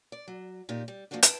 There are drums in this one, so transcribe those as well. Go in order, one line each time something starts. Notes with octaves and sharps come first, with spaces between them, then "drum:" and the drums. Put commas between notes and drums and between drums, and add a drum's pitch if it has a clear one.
D5
F#3
A#2 D#4 G4
G3
F3 G3 A#3 C4 D4 F#4
E4 B4 G5 A5, drum: hi-hat